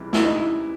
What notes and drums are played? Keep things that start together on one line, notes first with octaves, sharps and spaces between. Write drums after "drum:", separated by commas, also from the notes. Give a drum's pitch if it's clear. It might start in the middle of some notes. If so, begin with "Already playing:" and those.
Already playing: C#2 C3 E3 G3
E4, drum: snare
D#4
E4